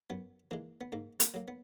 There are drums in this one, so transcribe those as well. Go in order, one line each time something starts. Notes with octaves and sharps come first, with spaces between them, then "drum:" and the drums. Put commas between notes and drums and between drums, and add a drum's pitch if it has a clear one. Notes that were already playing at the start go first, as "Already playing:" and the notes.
F#2 B3
E3 G#3 A#3
B3
G#2 A#3
A#3, drum: hi-hat
F#3 A#3
B3